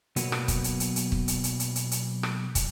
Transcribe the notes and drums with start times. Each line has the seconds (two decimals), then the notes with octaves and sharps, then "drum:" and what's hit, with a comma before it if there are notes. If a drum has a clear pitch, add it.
0.16 B1 F#3 A#3 B3, drum: hi-hat
0.32 drum: rim click
0.48 drum: kick, hi-hat
0.64 drum: hi-hat
0.80 drum: hi-hat
0.96 drum: hi-hat
1.12 drum: kick
1.28 drum: hi-hat
1.44 drum: hi-hat
1.60 drum: hi-hat
1.75 drum: hi-hat
1.91 drum: hi-hat
2.23 drum: rim click
2.55 drum: kick, hi-hat